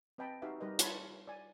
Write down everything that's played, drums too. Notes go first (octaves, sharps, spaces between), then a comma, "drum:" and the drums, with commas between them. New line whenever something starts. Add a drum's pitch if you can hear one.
C4 B4 D#5 G5 A5 B5
D#4 F#4 G4 B4 E5 F5
G3 D#4 G4 A#4 B4 D#5
F4 C#5 A5 B5, drum: hi-hat
D5 G#5